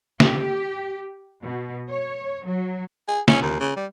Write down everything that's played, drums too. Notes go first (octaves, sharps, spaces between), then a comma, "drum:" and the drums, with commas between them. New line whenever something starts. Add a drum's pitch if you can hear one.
G4, drum: snare
B2
C#5
F#3
G#4
C#4, drum: snare
D#2
C#3
G3